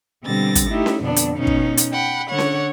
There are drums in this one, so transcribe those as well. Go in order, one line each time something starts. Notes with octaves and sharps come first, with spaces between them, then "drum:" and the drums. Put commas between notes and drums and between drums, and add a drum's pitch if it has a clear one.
B2 D3 G3 C4 A6 A#6
drum: kick, hi-hat
A3 D#4 E4 G4
drum: snare C#4
F2 B2 D3 B3 D4
drum: hi-hat
B2 C#4 D#4
drum: kick
drum: hi-hat
F#5 G5 B5
D3 C#5 F#5
drum: snare C#4